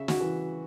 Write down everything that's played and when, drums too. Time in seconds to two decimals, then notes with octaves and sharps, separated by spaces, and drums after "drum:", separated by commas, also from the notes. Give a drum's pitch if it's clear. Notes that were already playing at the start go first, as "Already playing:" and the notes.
Already playing: C#3 E5
0.08 F#4, drum: snare
0.20 E3